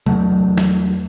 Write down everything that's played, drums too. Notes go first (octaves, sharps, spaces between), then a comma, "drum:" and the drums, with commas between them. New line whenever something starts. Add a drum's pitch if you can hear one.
E2 F#3 A3, drum: tom C3
drum: snare